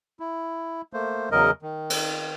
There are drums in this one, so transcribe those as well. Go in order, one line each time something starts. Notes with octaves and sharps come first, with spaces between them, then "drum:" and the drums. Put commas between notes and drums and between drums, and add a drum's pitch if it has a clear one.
E4
A3 A#3 C5
E2 C#3 F#3 A#4 D#5
D#3
drum: cymbal